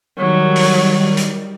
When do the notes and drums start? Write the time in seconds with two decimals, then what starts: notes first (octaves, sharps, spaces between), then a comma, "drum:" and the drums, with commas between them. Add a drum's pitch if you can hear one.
0.18 D#3 F#3 G3
0.56 drum: open hi-hat
1.17 drum: hi-hat